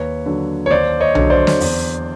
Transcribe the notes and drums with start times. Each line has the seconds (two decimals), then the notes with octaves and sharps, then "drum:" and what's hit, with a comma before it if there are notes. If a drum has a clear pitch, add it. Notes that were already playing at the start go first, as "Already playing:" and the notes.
Already playing: D#2 B4 C#5
0.26 D3 F#3
0.66 C#5
0.70 D#2 C5 D5
1.00 C#5 D#5
1.15 D3 F#3, drum: tom B1
1.30 C5 D5
1.47 drum: snare
1.60 E2, drum: open hi-hat